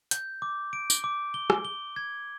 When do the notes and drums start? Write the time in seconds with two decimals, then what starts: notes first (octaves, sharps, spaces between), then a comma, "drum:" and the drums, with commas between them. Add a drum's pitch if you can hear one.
0.11 G6, drum: hi-hat
0.42 D6
0.73 D7
0.90 drum: tambourine
1.04 D6
1.34 G7
1.50 drum: rim click
1.65 G7
1.96 G#6